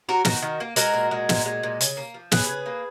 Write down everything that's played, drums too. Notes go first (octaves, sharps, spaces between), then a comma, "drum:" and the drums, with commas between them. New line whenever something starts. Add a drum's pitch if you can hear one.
F#3 F#4 A#4
D#3 F#4 A#4, drum: snare
D#3
A#3
G#3 F#4 A#4, drum: hi-hat
A#2
G#3
A#2, drum: snare
G#3
A#2
C#3, drum: hi-hat
A#3
F3
C#3 G#4 B4, drum: snare
C#3
A#3